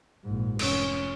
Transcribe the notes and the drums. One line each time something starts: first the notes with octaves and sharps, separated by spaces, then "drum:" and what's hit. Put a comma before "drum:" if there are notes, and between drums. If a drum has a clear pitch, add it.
A#1 G#2
F1 C#4, drum: cymbal